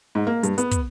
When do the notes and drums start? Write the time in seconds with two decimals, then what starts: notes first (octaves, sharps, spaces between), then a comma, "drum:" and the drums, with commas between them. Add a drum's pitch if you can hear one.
0.15 G#2
0.27 A#3
0.43 G2, drum: hi-hat
0.58 B3, drum: hi-hat
0.71 drum: kick, hi-hat